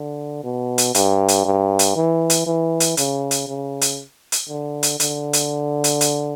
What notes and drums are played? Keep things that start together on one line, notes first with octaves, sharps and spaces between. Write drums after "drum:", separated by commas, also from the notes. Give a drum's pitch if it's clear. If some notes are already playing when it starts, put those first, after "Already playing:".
Already playing: D3
B2
drum: hi-hat
G2, drum: hi-hat
drum: hi-hat
G2
drum: hi-hat
E3
drum: hi-hat
E3
drum: hi-hat
C#3, drum: hi-hat
drum: hi-hat
C#3
drum: hi-hat
drum: hi-hat
D3
drum: hi-hat
D3, drum: hi-hat
drum: hi-hat
drum: hi-hat
drum: hi-hat